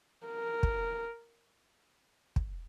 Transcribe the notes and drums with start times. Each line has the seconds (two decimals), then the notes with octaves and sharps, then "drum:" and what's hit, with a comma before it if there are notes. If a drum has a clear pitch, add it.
0.26 A#4
0.63 drum: kick
2.36 drum: kick